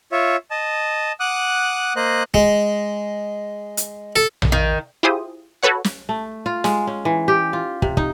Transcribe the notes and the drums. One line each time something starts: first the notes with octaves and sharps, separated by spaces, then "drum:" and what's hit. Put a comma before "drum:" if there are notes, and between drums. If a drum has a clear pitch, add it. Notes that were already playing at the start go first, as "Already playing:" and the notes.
F4 C#5 E5
D#5 A5
F#5 D6 D#6 F#6
A#3 C5 D#5 F#6
G#3, drum: kick
drum: hi-hat
A4
drum: tom A#1
D#3
E4 F4 G4 G#4 C5 D#6
F#4 A4 B4 C#5 F#5
drum: snare
A3
F4
G#3, drum: snare
C#4
E3
G4
F4
C3, drum: kick
D#4, drum: kick